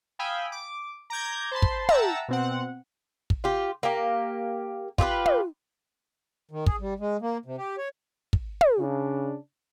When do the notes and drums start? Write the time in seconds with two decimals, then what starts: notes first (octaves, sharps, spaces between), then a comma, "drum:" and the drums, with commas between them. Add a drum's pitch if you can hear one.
0.19 F5 G5 G#5 B5 D#6 E6
0.52 D6
1.10 A#5 D6 G6 G#6
1.51 C5 A5 B5 C6
1.62 drum: kick
1.89 E5 F#5 G5 A5 A#5 E6, drum: tom
2.28 B2 C4 F#5
3.30 drum: kick
3.44 F4 G4
3.83 A#3 G4
4.98 F4 G4 G#4 B4, drum: kick
5.26 drum: tom
6.51 D#3
6.66 G#4, drum: kick
6.81 G3
7.00 G#3
7.22 A#3
7.45 C3
7.58 G4
7.78 C#5
8.33 drum: kick
8.61 drum: tom
8.79 C#3 D4